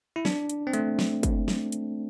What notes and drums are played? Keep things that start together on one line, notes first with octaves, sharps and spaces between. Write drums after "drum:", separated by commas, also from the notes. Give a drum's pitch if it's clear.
E4
D4, drum: snare
drum: hi-hat
C4
A3, drum: hi-hat
drum: snare
drum: kick, hi-hat
drum: snare
drum: hi-hat